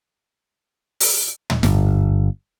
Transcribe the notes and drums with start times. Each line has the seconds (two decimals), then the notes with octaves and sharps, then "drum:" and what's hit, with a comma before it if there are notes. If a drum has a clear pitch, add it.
1.00 drum: open hi-hat
1.50 drum: tom
1.63 G1, drum: snare